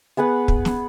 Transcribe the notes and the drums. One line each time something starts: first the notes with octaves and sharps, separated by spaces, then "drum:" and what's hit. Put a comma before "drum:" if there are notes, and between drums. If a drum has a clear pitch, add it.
B3 G#4 B4 F#5
drum: kick
drum: snare